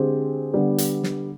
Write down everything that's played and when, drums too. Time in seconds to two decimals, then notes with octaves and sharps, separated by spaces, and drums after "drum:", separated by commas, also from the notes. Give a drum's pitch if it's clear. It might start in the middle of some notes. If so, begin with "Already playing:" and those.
Already playing: D3 G#3 C4 G4 C5
0.54 D3 G3 B3
0.78 drum: hi-hat
1.03 drum: snare